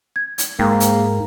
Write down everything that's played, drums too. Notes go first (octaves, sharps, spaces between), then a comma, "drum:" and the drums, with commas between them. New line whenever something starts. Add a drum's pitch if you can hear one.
G#6
drum: hi-hat
G#2 A#3 G5 A#5
drum: hi-hat